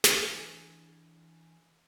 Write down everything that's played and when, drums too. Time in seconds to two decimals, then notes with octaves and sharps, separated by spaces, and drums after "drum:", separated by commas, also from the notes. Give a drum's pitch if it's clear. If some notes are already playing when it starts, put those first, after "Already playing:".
0.04 E3 D4 G#4, drum: snare